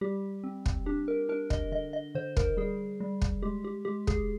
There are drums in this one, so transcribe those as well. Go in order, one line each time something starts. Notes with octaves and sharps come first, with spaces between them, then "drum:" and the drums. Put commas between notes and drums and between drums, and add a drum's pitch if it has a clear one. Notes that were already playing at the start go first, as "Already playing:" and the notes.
G3 G4
C4
drum: kick
D4 G4
A#4
D4 A#4
D#5, drum: kick
D3 D#5
D#5
D3 C5
A#4, drum: kick
G3 G#4
G3
drum: kick
G#3 G4
G4
G#3 G4
G#4, drum: kick